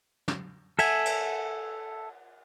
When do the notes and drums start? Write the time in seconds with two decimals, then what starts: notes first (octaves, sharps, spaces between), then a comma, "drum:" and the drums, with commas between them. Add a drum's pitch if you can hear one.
0.28 drum: snare
0.79 A4 E5 G#5, drum: cymbal
1.06 drum: cymbal